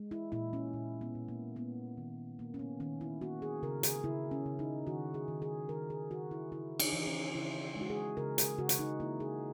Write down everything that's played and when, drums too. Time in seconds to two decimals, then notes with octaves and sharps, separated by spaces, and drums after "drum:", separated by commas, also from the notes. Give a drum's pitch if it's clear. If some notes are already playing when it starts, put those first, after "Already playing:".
Already playing: G#3
0.11 E4
0.32 A#2 E4
0.53 C#4
0.73 A#2
1.01 B3
1.15 A#2
1.28 A#3
1.56 A#3 B3
1.97 D#3
2.39 A#3
2.54 C#4
2.59 B3
2.80 D#3 C#4
3.01 E4
3.21 A#3 F#4
3.42 G#4
3.63 C#3 A#4
3.83 G#4, drum: hi-hat
4.04 C#3 E4
4.31 C#4
4.46 C#3
4.59 D#4
4.87 D#3 F#4
5.14 G#4
5.28 D#3
5.42 G#4
5.69 D#3 A#4
5.90 G#4
6.11 D#3 F#4
6.31 E4
6.52 C#3 E4
6.80 D#4, drum: cymbal
6.93 E3
7.07 C#4
7.34 C#3 E4
7.76 G#3
7.81 F#4
7.90 G#4
8.17 C#3 A#4
8.38 G#4, drum: hi-hat
8.58 C#3 F#4
8.69 drum: hi-hat
8.79 D#4
9.00 A#3 E4
9.20 G#4